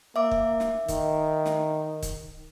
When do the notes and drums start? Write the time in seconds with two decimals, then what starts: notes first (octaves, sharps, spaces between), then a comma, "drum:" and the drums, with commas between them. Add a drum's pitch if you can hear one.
0.16 A#3 E5 D6
0.31 drum: kick
0.60 drum: snare
0.88 D#3, drum: kick, hi-hat
1.46 drum: snare
2.03 drum: kick, hi-hat